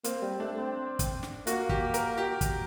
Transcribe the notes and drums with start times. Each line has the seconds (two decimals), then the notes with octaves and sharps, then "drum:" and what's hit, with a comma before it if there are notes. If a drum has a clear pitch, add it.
0.04 A#3 C4, drum: hi-hat
0.22 G3
0.40 A3 D4
0.58 C4
0.99 drum: kick, hi-hat
1.23 drum: snare
1.47 A#3 F#4, drum: hi-hat
1.69 G4, drum: kick
1.94 A#4, drum: hi-hat
2.18 G4
2.41 drum: kick, hi-hat